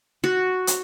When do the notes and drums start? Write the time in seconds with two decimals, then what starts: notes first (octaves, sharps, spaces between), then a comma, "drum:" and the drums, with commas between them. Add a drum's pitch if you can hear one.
0.24 F#4
0.67 drum: hi-hat